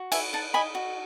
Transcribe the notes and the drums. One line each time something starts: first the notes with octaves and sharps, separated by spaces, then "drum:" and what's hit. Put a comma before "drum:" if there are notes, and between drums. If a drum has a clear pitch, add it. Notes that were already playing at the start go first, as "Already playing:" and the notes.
Already playing: F#4
B4 E5 G#5, drum: cymbal
D#4 F#5 A5
D#5 G#5 B5
F#4